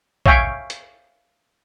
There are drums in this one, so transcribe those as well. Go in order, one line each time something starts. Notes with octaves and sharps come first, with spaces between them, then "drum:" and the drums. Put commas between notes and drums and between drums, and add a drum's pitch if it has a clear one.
C#5 E5 F5 G5 G#5 C#6, drum: kick
drum: hi-hat